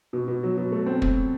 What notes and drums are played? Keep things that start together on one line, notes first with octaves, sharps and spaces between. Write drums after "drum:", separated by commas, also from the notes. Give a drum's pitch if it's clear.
B2
B2
F#3
B2
A3
C4
drum: kick